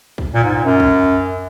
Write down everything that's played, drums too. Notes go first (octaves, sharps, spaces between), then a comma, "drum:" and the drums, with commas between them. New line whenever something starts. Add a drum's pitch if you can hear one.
drum: kick B1
A#2
G#2
A#2
F#2
drum: kick B1